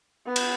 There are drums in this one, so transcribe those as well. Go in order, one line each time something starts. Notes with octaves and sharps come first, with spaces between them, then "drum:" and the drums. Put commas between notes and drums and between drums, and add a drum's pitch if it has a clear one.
B3
drum: cymbal